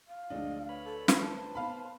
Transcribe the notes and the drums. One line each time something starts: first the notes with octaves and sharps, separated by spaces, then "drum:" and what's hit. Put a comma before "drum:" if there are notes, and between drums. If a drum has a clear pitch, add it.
F5
D2 F3 G#3 D4 D#5
B4 C#5 B5
A4
drum: snare
B4 C5 A5
B3 F5 B5